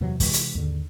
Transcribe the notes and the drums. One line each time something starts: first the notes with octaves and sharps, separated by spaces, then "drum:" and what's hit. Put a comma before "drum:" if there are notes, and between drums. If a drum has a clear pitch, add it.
E2 C3 E3 F#3
C3 E3 G#3, drum: kick, open hi-hat
drum: hi-hat
D#2 G#2 D3